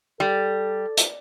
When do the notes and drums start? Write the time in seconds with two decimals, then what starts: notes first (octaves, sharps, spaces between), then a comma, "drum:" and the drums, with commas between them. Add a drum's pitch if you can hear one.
0.20 G3 A4
0.97 drum: hi-hat